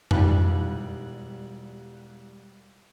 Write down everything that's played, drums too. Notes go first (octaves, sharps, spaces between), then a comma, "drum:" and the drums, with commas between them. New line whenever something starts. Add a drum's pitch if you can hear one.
E1 G3 D#4 F4 F5 F#6, drum: tom F2